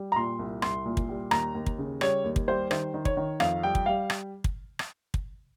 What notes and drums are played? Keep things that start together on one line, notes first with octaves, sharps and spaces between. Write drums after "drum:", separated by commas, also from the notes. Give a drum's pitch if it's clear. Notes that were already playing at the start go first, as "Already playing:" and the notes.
Already playing: G3
A#5
A#2 C6
C2
C2 C6, drum: rim click
A#2
drum: kick
G3
D#2 A#5, drum: rim click
D#2
drum: kick
C#3
G3 C#5, drum: rim click
D#2
drum: kick
G3 C5
D#3 C5, drum: rim click
D#3
C#5, drum: kick
D#3
F2 F5, drum: rim click
G3 G5
drum: kick
G3 F5
drum: rim click
drum: kick
drum: rim click
drum: kick